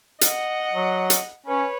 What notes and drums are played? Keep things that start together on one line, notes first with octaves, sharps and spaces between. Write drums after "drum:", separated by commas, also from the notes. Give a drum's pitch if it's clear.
D#5 F#5, drum: hi-hat
F#3
drum: hi-hat
C#4 B4 C#5